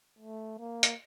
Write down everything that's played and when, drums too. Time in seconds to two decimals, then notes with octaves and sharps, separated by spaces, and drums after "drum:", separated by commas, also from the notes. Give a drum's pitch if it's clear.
0.19 A3
0.59 A#3
0.83 drum: hi-hat